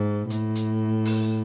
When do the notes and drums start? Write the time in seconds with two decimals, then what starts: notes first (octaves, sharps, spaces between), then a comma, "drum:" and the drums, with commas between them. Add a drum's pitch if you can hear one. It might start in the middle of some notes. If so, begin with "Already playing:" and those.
Already playing: G#2
0.30 A2, drum: hi-hat
0.55 drum: hi-hat
1.06 drum: open hi-hat